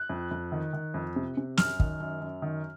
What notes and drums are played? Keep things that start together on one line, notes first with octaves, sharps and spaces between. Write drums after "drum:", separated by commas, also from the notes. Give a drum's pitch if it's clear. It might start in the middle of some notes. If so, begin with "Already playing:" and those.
Already playing: F#6
F2
F2
D#3
D#3
F2
C3
C3
F#2 F6, drum: snare
D#3, drum: kick
F#2
F#2
D#3